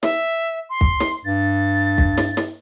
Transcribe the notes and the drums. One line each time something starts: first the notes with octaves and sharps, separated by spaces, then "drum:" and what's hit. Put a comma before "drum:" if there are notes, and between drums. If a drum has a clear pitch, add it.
E5, drum: snare
C6
drum: kick
drum: snare
G2 A6
drum: kick
drum: snare
drum: snare